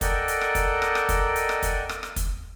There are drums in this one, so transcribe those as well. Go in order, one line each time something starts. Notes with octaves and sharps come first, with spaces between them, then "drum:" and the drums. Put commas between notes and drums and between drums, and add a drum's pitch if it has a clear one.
A4 A#4 D5 D#5 F#5 G5, drum: kick, hi-hat
drum: hi-hat
drum: rim click
drum: kick, hi-hat
drum: rim click
drum: rim click
drum: kick, hi-hat
drum: hi-hat
drum: rim click
drum: kick, hi-hat
drum: rim click
drum: rim click
drum: kick, hi-hat